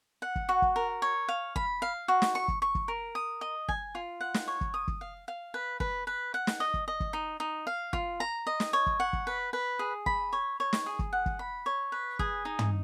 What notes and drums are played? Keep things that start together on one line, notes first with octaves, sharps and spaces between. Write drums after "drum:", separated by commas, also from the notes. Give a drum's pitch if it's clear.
F#5
drum: kick
F#4
drum: kick
A#4
C#5
F5
B5, drum: kick
F5
F#4
drum: snare
C#6
drum: kick
C#6
drum: kick
A#4
D#6
D#5
G#5, drum: kick
F4
F#5
drum: snare
C#5
drum: kick
D#6
drum: kick
F5
F5
B4
B4, drum: kick
B4
F#5
drum: snare
D#5
drum: kick
D#5
drum: kick
D#4
D#4
F5
F4, drum: kick
A#5
D#5
drum: snare
C#5
drum: kick
F#5
drum: kick
B4
B4
G#4
B5, drum: kick
C#5
C#5
drum: snare
G#4
drum: kick
F#5
drum: kick
B5
C#5
B4
G#4, drum: kick
D#4
drum: tom